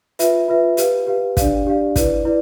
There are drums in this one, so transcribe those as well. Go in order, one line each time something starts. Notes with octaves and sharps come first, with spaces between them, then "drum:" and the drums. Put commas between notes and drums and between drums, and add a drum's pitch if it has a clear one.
F4 B4 E5, drum: hi-hat
F4 B4 E5
G4 B4 F5, drum: hi-hat
G4 B4 F5
D4 G4 D5 F5, drum: kick, hi-hat
D4 G4 D5 F5
E4 B4 D5, drum: kick, hi-hat
E4 B4 D5